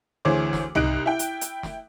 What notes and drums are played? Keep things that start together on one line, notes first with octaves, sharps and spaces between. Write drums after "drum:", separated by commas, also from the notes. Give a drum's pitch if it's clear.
D2 E3 G#4 C5 C#5 D6
drum: snare
C2 D#4 F#6 D7, drum: tom C2
E4 G5
drum: hi-hat
drum: hi-hat
drum: snare